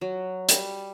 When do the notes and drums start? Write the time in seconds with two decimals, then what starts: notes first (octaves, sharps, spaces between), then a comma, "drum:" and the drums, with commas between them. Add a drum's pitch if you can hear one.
0.01 F#3
0.49 G3, drum: hi-hat